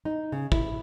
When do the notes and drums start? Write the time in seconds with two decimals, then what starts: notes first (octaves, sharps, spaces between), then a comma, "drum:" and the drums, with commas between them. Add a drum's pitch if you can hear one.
0.05 D#4
0.32 C#3
0.52 E4, drum: kick